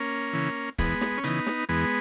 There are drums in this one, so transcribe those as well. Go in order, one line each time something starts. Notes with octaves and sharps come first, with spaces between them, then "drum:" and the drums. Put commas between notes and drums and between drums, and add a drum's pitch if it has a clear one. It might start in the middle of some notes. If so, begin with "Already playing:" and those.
Already playing: A#3 C#4
C#3 E3
E2 G#3 B3, drum: kick, open hi-hat
drum: snare
C#4
C#3 E3 B3 D#4, drum: hi-hat
drum: snare
E2 G#3 B3